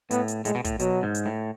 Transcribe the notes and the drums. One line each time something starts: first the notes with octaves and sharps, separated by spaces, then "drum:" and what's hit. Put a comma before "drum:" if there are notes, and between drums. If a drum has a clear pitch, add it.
A2 B3, drum: hi-hat
drum: hi-hat
A2 G#3, drum: hi-hat
B2
A2, drum: kick, hi-hat
B2 F#3, drum: hi-hat
G#2
drum: hi-hat
A2